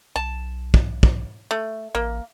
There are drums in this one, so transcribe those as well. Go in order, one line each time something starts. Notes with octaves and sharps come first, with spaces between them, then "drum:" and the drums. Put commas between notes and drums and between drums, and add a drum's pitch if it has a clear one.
B1 A5
drum: kick
drum: kick
A3
A1 A#3